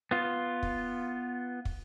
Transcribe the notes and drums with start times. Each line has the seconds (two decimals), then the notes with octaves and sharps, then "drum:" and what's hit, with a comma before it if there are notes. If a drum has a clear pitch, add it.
0.11 B3 F4
0.63 drum: kick
1.65 drum: kick